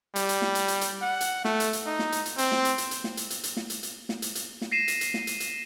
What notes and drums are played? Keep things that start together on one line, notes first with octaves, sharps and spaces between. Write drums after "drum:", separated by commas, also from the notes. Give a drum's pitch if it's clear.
G3, drum: hi-hat
drum: hi-hat
drum: snare
drum: hi-hat
drum: hi-hat
drum: hi-hat
F#5
drum: hi-hat
A3, drum: snare
drum: hi-hat
drum: hi-hat
D#4
drum: snare
drum: hi-hat
drum: hi-hat
C4, drum: hi-hat
drum: snare
drum: hi-hat
drum: hi-hat
drum: hi-hat
drum: snare
drum: hi-hat
drum: hi-hat
drum: hi-hat
drum: snare
drum: hi-hat
drum: hi-hat
drum: snare
drum: hi-hat
drum: hi-hat
drum: snare
A#6 C7 D#7 E7
drum: hi-hat
drum: hi-hat
drum: snare
drum: hi-hat
drum: hi-hat